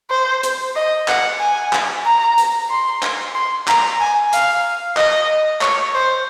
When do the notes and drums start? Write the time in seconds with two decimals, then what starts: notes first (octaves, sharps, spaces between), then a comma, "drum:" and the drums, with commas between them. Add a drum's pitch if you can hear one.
0.10 C5
0.43 drum: hi-hat
0.76 D#5
1.08 F#5, drum: clap
1.40 G#5
1.73 drum: clap
2.06 A#5
2.38 drum: hi-hat
2.71 C6
3.03 drum: clap
3.35 C6
3.68 A#5, drum: clap
4.00 G#5
4.33 F5, drum: hi-hat
4.97 D#5, drum: clap
5.61 C#5, drum: clap
5.95 C5